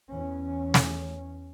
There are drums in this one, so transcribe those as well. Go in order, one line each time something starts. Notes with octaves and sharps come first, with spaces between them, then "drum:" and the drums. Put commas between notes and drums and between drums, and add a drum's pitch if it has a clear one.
E2 C#4
drum: snare